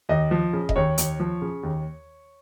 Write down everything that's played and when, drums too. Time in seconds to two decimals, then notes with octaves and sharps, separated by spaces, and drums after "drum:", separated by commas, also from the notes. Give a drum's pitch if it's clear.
0.09 D#2 D#5
0.31 F3
0.53 C#3
0.69 D#5, drum: kick F1
0.76 D#2 C#5
0.98 D#2, drum: hi-hat
1.20 F3
1.42 C#3
1.63 D#2